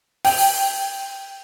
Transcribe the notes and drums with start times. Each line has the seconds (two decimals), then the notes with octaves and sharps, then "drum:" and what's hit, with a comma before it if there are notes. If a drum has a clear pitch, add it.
0.25 G5, drum: open hi-hat